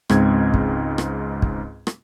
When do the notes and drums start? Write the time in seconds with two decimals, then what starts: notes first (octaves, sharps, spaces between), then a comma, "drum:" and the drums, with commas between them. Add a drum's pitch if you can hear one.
0.10 C#2 G#2 C4 G#6, drum: rim click
0.54 drum: kick
0.98 drum: rim click
1.42 drum: kick
1.87 drum: rim click